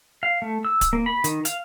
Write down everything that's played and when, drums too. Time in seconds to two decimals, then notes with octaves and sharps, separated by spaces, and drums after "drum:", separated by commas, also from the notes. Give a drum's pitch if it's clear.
0.23 F5
0.42 A3
0.65 E6
0.81 drum: kick D1, hi-hat
0.93 A#3
1.06 B5
1.24 D#3, drum: hi-hat
1.45 F5, drum: hi-hat